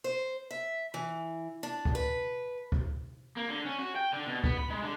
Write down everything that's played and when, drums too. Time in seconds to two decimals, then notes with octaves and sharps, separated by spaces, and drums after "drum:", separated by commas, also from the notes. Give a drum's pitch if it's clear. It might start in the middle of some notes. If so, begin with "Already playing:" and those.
0.04 C5
0.51 E5
0.94 E3
1.63 D4
1.85 drum: kick
1.95 B4
2.72 drum: kick
3.37 A#3
3.49 D3
3.66 C#4
3.80 F#4
3.96 G5
4.14 D3
4.27 B2
4.44 B3, drum: kick
4.58 B5
4.70 G#3
4.83 D3